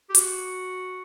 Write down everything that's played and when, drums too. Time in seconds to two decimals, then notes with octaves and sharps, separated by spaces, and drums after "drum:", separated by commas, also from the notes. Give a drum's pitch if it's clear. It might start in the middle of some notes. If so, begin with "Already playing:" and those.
0.09 G4
0.15 F#4, drum: hi-hat